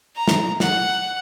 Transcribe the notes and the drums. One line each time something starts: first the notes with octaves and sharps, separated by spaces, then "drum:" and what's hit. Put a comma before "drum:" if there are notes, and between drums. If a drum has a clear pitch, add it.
A#5
drum: snare
F#5, drum: snare